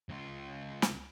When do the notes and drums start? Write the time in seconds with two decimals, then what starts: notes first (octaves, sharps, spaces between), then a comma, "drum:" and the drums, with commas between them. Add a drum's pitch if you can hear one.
0.09 C#2 F4
0.82 drum: snare